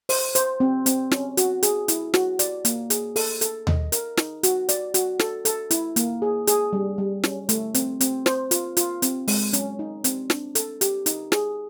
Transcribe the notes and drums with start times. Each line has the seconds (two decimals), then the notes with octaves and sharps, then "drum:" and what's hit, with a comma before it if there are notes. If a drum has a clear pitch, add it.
0.09 C5, drum: open hi-hat
0.35 C5, drum: hi-hat
0.60 C4
0.86 C4, drum: hi-hat
1.11 C#4, drum: snare
1.37 F#4, drum: hi-hat
1.63 G#4, drum: hi-hat
1.88 E4, drum: hi-hat
2.14 F#4, drum: snare
2.39 D5, drum: hi-hat
2.65 A#3, drum: hi-hat
2.90 G#4, drum: hi-hat
3.16 A4, drum: open hi-hat
3.41 A4, drum: hi-hat
3.67 D#5, drum: tom D#2
3.92 A#4, drum: hi-hat
4.17 D#4, drum: snare
4.43 F#4, drum: hi-hat
4.69 D5, drum: hi-hat
4.94 F#4, drum: hi-hat
5.19 A4, drum: snare
5.45 A4, drum: hi-hat
5.71 E4, drum: hi-hat
5.96 A#3, drum: hi-hat
6.22 G#4
6.47 G#4, drum: hi-hat
6.73 G3
6.98 G3
7.24 C#4, drum: snare
7.49 A3, drum: hi-hat
7.74 C4, drum: hi-hat
8.01 C4, drum: hi-hat
8.26 C5, drum: snare
8.51 F4, drum: hi-hat
8.77 F4, drum: hi-hat
9.02 C4, drum: hi-hat
9.28 G#3, drum: open hi-hat
9.53 C#4, drum: hi-hat
9.79 D#4
10.04 C4, drum: hi-hat
10.30 D4, drum: snare
10.55 A4, drum: hi-hat
10.81 G4, drum: hi-hat
11.06 D#4, drum: hi-hat
11.32 G#4, drum: snare